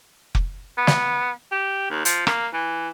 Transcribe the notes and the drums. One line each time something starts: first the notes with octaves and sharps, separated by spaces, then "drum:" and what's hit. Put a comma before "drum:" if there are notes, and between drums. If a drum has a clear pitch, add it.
drum: kick F1
B3
drum: snare
G4
D#2
F3, drum: hi-hat
A#3, drum: rim click
E3